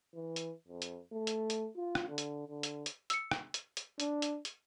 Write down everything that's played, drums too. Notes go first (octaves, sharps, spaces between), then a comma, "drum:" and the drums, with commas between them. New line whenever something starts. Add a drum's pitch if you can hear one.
E3
drum: hi-hat
F2
drum: hi-hat
A3
drum: hi-hat
drum: hi-hat
F4
drum: rim click
D3
drum: hi-hat
D3
drum: hi-hat
drum: hi-hat
E6 C#7, drum: hi-hat
drum: rim click
drum: hi-hat
drum: hi-hat
D4, drum: hi-hat
drum: hi-hat
drum: hi-hat